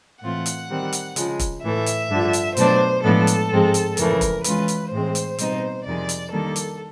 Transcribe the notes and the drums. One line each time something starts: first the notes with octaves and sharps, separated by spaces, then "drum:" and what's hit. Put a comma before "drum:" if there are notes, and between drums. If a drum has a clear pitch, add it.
A2 E3 A3 C4 F4 F#5
drum: hi-hat
D#3 G3 C4
drum: hi-hat
C#3 F3 G#3, drum: hi-hat
drum: kick E1, hi-hat
A2 E3 A3 E5
drum: hi-hat
G2 D3 F3
drum: hi-hat
B2 F#3 A3 D4 C5, drum: hi-hat
A2 F3 G#3 B3 D4 A4
drum: hi-hat
G#2 F3 G#3 C4
drum: hi-hat
F2 C#3 E3 A3 A#4, drum: hi-hat
drum: kick E1, hi-hat
E3 G#3 C#4 F4 B4, drum: hi-hat
drum: hi-hat
A2 E3 G#3 C4 C5
drum: hi-hat
B2 G3 C4 D#4, drum: hi-hat
F2 C3 D#3 G#3 D5
drum: hi-hat
D#3 G3 A#3 D4 A4
drum: hi-hat